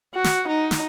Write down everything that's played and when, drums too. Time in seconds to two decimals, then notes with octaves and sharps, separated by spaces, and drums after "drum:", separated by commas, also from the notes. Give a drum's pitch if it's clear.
0.14 F#4
0.24 drum: snare
0.48 D#4
0.71 drum: snare